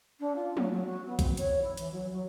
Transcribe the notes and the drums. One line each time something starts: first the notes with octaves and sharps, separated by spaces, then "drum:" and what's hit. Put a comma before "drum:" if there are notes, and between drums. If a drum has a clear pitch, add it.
D4
F4
F#3, drum: tom G#3
F#3
F#4
B3
C4, drum: kick, hi-hat
C#5, drum: hi-hat
E4
E3, drum: hi-hat
F#3
F#3